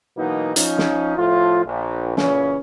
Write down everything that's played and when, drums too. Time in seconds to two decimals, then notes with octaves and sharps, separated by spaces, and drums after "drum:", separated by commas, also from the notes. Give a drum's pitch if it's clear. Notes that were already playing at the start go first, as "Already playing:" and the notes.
0.17 B2 E3 F#3 A#3 B3 D#4
0.56 F3 C#4 D#4, drum: hi-hat
0.78 drum: snare
1.16 A2 F3 A3 F4
1.66 A#1
2.17 A#2 C#3 E3 C#4, drum: snare